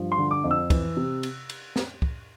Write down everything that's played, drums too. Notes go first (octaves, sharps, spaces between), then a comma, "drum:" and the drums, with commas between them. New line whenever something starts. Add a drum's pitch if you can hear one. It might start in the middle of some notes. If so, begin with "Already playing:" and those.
Already playing: G2 F3
C6
D3
D6
F2
E6
E3, drum: kick, cymbal
C3
drum: cymbal
drum: cymbal
drum: snare
drum: kick